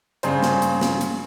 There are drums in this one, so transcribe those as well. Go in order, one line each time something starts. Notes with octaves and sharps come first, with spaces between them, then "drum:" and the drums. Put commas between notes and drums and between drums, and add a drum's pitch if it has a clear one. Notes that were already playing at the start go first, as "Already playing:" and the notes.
G2 C#3 C5, drum: hi-hat
drum: snare
drum: hi-hat
drum: snare
drum: hi-hat